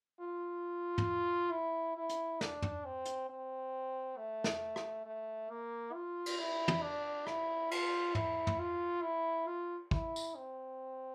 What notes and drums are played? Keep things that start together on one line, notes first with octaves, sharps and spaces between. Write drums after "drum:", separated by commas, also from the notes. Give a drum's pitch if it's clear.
F4
drum: tom
E4
E4
drum: hi-hat
D4, drum: snare
drum: tom
C4
drum: hi-hat
C4
A3
drum: snare
drum: rim click
A3
A#3
F4
drum: cymbal
E4
drum: tom
D4
E4, drum: rim click
F4, drum: cymbal
E4, drum: tom
drum: tom
F4
E4
F4
E4, drum: kick
drum: tambourine
C4